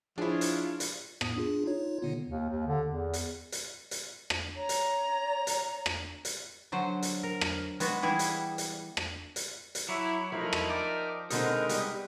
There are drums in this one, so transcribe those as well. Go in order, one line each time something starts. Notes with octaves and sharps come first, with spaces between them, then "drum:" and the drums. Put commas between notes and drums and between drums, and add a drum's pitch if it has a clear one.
F3 D4 E4 F4 G#4 C#5
drum: hi-hat
drum: hi-hat
A2 B3 D#6, drum: rim click
D4 F4 G#4
D#4 F4 C#5
B2 D3 B3
D#2
D#2
D3
E2
drum: hi-hat
drum: hi-hat
drum: hi-hat
drum: rim click
C#5 A#5
drum: hi-hat
drum: hi-hat
drum: rim click
drum: hi-hat
D3 F#3 C5
drum: hi-hat
A#4
drum: rim click
G#3 B3 F#4, drum: hi-hat
E3 G3 E4 G#4
drum: hi-hat
drum: hi-hat
drum: rim click
drum: hi-hat
drum: hi-hat
F#3 E4 C#5 B5 D6
F3 A3 D#4 E4 A#4 B5
drum: rim click
D5 E5 G5
B2 D3 G#3 C4 D#4 A#4 B4, drum: hi-hat
G3, drum: hi-hat